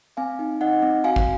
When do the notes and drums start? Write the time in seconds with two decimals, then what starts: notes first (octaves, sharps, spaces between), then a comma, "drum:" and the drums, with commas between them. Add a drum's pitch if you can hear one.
0.17 C4 F5 G#5
0.39 D#4
0.61 D#4 D#5 F#5
0.82 C4
1.04 F#4 F5 G#5
1.16 drum: kick